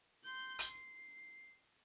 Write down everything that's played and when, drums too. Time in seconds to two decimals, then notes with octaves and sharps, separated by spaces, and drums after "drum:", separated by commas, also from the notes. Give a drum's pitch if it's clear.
0.24 C6 G6
0.59 drum: hi-hat
0.70 C7